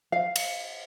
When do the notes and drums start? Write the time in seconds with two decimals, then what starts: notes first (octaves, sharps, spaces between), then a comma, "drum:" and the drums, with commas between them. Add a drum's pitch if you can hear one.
0.12 F5
0.36 drum: cymbal